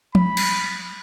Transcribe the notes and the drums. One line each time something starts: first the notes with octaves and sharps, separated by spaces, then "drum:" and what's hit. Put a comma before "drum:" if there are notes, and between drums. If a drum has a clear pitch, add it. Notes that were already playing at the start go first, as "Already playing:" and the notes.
B5, drum: tom
drum: cymbal